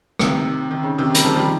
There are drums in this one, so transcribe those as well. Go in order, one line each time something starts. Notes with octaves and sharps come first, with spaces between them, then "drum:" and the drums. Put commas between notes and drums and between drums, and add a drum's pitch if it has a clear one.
C3 D#3, drum: rim click
D#3
C#3
C3 D#3
G3 A#3, drum: hi-hat
F3 G#3
D#3 G3